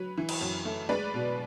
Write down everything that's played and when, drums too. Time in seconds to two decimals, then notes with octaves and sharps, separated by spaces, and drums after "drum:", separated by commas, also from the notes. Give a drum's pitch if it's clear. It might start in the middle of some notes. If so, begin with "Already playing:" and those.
Already playing: F#3 B4
0.18 E3
0.29 drum: cymbal
0.41 F#2
0.65 A3
0.89 G#3 B4 D5
1.14 B2